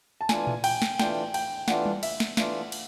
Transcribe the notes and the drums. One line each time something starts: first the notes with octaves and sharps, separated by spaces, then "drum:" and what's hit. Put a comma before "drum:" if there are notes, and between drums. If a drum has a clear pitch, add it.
A5
E3 A3 D4 F4 G#5, drum: snare
drum: tom A#2
G5, drum: cymbal
drum: snare
E3 A3 D4 F4 G5, drum: snare
G5, drum: cymbal
E3 A3 D4 F4 F#5, drum: snare
drum: tom G3
E5, drum: cymbal
drum: snare
E3 A3 D4 F4 F5, drum: snare
drum: cymbal